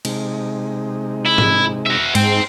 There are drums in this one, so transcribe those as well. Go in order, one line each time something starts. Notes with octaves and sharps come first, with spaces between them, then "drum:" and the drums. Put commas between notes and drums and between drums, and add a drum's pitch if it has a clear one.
C3 G#3 D#4, drum: cymbal
E4
drum: tom G#2
F#4 E5
G#2 C5 G5, drum: cymbal